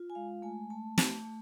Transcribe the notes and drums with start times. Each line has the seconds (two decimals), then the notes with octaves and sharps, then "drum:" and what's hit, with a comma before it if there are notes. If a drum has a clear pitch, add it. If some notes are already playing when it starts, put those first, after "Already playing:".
Already playing: F4
0.10 G#5
0.15 G#3 F5
0.42 A3 G#5
0.70 A3 A5
0.98 A3, drum: snare
1.25 A3